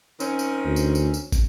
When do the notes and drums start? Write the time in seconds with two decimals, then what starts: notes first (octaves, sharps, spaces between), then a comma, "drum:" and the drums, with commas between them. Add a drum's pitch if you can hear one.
0.20 D#3 C4 C#4, drum: tambourine
0.39 drum: tambourine
0.65 D2
0.76 drum: tambourine
0.95 drum: tambourine
1.14 drum: tambourine
1.32 drum: kick, tambourine